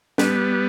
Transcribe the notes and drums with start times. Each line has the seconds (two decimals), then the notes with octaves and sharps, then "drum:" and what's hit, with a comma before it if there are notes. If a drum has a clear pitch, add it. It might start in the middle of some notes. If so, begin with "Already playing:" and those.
0.18 G3 B3, drum: snare